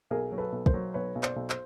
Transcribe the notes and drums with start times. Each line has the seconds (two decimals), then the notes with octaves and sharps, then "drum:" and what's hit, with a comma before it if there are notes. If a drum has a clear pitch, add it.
0.10 B1 G#4 A#4
0.32 F#3
0.38 A4 B4
0.52 B1
0.66 A#4 C5, drum: kick
0.74 F#3
0.94 B1 B4 C#5
1.15 B1
1.23 C5 D5, drum: clap
1.36 B1
1.50 C5, drum: clap